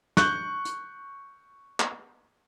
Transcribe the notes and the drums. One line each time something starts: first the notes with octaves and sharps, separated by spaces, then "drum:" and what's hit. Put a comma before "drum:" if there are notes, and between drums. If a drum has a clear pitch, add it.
C#6 F#6 G6, drum: snare
drum: hi-hat
drum: clap